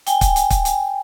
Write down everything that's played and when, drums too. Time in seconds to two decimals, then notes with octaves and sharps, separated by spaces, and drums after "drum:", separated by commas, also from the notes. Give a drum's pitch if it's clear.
0.07 G5 G#5, drum: hi-hat
0.21 drum: kick, hi-hat
0.36 drum: hi-hat
0.50 drum: kick, hi-hat
0.65 drum: hi-hat